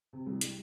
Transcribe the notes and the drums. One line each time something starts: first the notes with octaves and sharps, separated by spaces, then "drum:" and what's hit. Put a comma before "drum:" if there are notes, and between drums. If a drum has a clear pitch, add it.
C3
C2
G3, drum: hi-hat